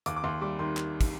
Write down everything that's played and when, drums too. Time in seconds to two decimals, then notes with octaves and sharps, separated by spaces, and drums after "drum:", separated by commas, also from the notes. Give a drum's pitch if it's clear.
0.06 D#2 D6, drum: hi-hat
0.16 D6
0.24 D#2 C6
0.41 G3 D6
0.59 D#3 C6
0.77 drum: clap
1.01 drum: kick, hi-hat